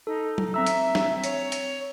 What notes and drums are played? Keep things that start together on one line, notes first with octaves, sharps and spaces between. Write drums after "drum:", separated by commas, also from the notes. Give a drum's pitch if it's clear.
D#4 A4
drum: tom F#3
C4 E5 A#5 E6
drum: hi-hat
drum: snare
C#5, drum: hi-hat
drum: hi-hat